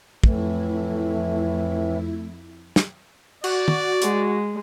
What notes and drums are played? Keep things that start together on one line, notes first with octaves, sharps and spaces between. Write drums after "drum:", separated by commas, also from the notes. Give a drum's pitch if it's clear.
F2 A2 E3 A3 E4, drum: kick
drum: snare
F#4 D5, drum: cymbal
drum: tom
G#3, drum: hi-hat